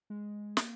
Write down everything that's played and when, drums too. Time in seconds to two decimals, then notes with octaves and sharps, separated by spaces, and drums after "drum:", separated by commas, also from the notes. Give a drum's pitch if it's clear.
0.10 G#3
0.57 A#3, drum: snare